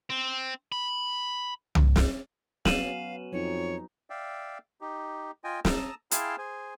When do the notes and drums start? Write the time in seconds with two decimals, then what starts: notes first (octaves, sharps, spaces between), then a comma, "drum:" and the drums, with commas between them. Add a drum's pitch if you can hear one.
0.10 C4
0.72 B5
1.75 drum: tom C2
1.96 drum: snare
2.65 F#3 B3 C#4 F5 D#7 E7 F#7, drum: snare
3.33 F2 F#3 D#4 C#5
4.10 D5 E5 F5 G5
4.81 D#4 G4
5.44 F4 D#5 G5 G#5
5.65 A5 A#5 D#6 E6, drum: snare
6.11 E4 G#4 F5 G5 A5 C6, drum: hi-hat
6.38 G#4 C5 G#5